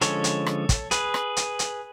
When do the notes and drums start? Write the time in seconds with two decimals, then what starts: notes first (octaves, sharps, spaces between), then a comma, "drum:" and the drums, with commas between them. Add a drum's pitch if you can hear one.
0.01 D3 F3 G#3 C#4 A4 C#5, drum: hi-hat
0.24 drum: hi-hat
0.46 drum: rim click
0.69 drum: kick, hi-hat
0.91 G#4 B4, drum: hi-hat
1.14 drum: rim click
1.37 drum: hi-hat
1.59 drum: hi-hat